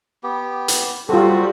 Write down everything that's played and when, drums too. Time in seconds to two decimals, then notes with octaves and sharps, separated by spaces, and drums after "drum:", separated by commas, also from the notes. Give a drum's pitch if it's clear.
0.23 B3 G4
0.68 drum: hi-hat
1.09 F#3 G3 C4 F4 F#4 A4